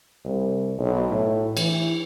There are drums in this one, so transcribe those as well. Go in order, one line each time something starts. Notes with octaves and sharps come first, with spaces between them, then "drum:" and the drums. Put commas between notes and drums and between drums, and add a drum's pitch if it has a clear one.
C2
B1
A2
E3, drum: cymbal